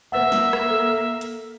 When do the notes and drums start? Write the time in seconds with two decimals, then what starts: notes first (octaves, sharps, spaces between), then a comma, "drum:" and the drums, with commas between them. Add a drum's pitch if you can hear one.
0.12 A#3 B4 E5 F#5
0.32 drum: snare
0.53 drum: rim click
0.70 A4
1.21 drum: hi-hat